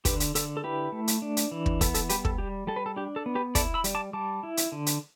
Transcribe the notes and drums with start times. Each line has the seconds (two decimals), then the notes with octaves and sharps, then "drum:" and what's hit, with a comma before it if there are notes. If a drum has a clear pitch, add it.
0.05 D3 G4 B4, drum: kick, hi-hat
0.20 drum: hi-hat
0.35 D3 A4, drum: hi-hat
0.57 A4
0.64 E4 G4 B4
0.92 A3
1.08 drum: hi-hat
1.22 D4
1.37 drum: hi-hat
1.51 E3
1.66 drum: kick
1.81 B3 A4, drum: kick, hi-hat
1.94 A4, drum: hi-hat
2.09 G3 G4 B4, drum: hi-hat
2.25 A4, drum: kick
2.38 G3 G4
2.67 G3 A4
2.76 B4
2.86 A4
2.96 D4 G4
3.16 A4
3.26 B3
3.35 G4 B4
3.55 E4 A4 D5, drum: kick, hi-hat
3.74 B5 E6
3.84 G3, drum: hi-hat
3.95 A5 D6
4.13 G3 A5 D6
4.43 E4
4.57 drum: hi-hat
4.72 D3
4.86 drum: hi-hat